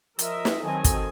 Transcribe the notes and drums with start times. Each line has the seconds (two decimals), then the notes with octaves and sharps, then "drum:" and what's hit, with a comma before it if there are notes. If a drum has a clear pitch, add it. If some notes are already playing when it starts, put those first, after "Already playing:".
0.19 F3 A#4 D#5 E5, drum: hi-hat
0.45 drum: snare
0.64 D#3 F#3 C4 A4 D#5 G#5
0.84 drum: kick, hi-hat